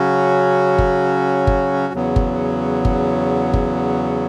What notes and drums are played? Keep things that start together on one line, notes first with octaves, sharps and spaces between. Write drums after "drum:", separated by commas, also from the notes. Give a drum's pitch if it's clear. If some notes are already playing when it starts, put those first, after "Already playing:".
Already playing: C#3 F#3 C#4 F#4
drum: kick G1
drum: kick G1
E2 C#3 F#3 B3
drum: kick G1
drum: kick G1
drum: kick G1